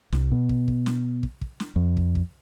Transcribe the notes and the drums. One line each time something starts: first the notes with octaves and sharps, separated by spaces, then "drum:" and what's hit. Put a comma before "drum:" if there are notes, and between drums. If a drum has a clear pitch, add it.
C2, drum: snare
B2
drum: kick
drum: kick
drum: snare
drum: kick
drum: kick
drum: snare
F2
drum: kick
drum: kick